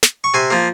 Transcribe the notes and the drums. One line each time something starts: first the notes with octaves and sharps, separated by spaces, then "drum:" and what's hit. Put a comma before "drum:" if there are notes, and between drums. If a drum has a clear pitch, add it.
drum: snare
C#6
C3 G#5 C6
F3 A#3